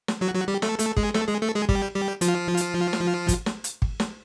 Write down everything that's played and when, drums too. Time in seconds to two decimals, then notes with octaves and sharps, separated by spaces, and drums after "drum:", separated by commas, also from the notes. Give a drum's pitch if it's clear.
0.08 drum: snare
0.21 F#3 F#4
0.34 F#3 F#4
0.48 G3 G4
0.62 A3 A4, drum: snare
0.79 A3 A4, drum: hi-hat
0.97 G#3 G#4, drum: kick G#1
1.14 A3 A4, drum: snare
1.28 G#3 G#4
1.42 A3 A4
1.55 G#3 G#4
1.69 G3 G4, drum: kick G#1
1.95 G3 G4
2.21 F3 F4, drum: hi-hat
2.57 drum: hi-hat
2.93 drum: snare
3.28 drum: kick G#1, hi-hat
3.46 drum: snare
3.64 drum: hi-hat
3.82 drum: kick G#1
4.00 drum: snare